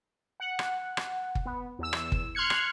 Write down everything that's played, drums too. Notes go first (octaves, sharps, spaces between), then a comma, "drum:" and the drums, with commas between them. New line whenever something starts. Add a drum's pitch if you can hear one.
F#5
drum: rim click
drum: rim click
drum: kick
B3
E2 E6
drum: rim click
drum: kick
C6 F6 F#6 G#6 C#7
drum: rim click